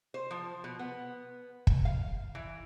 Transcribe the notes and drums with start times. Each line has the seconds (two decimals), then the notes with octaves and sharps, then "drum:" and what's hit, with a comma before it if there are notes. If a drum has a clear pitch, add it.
0.14 C5
0.31 F3
0.64 B2
0.79 B3
1.67 drum: kick
1.85 F5
2.35 E3